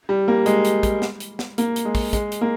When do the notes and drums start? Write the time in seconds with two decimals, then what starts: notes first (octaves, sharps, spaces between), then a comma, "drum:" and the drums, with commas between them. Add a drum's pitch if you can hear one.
0.09 G3
0.28 A#3
0.46 G#3, drum: hi-hat
0.65 drum: hi-hat
0.83 drum: kick, hi-hat
1.02 drum: snare
1.20 drum: hi-hat
1.39 drum: snare
1.58 A#3, drum: hi-hat
1.76 drum: hi-hat
1.85 G#3
1.95 drum: kick, open hi-hat
2.13 G#3, drum: kick, hi-hat
2.32 drum: hi-hat
2.41 A#3